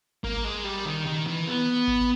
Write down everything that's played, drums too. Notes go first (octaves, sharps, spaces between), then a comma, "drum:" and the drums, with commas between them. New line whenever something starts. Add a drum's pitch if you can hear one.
A#3, drum: kick G#1
G#3
G3
D#3
D#3
E3
B3
drum: kick G#1